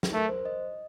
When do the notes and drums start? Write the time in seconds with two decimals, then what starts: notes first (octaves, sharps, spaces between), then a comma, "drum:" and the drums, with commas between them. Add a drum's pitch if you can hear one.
0.03 drum: snare
0.13 A3 A#4
0.29 C5
0.45 D#5